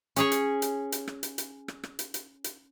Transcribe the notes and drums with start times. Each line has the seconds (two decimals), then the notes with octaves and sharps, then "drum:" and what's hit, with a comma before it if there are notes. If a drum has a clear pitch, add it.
0.16 C#4 G#4 C#5, drum: hi-hat
0.32 drum: hi-hat
0.62 drum: hi-hat
0.92 drum: hi-hat
1.08 drum: rim click
1.23 drum: hi-hat
1.38 drum: hi-hat
1.68 drum: rim click
1.84 drum: rim click
1.99 drum: hi-hat
2.14 drum: hi-hat
2.44 drum: hi-hat